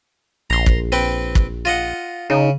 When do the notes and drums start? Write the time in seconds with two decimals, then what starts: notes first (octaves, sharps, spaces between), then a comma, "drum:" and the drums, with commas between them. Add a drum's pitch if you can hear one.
0.50 A#1 A#5 C6
0.66 drum: kick
0.92 C4 B4 G5
1.35 drum: kick
1.65 F4 D#5 F#5
2.30 C#3 D#4